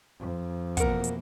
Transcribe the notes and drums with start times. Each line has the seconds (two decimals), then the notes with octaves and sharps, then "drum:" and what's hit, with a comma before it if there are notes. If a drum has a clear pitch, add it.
0.19 F2
0.77 B2 E3 A#3 A#4 F#5, drum: kick, hi-hat
1.04 drum: hi-hat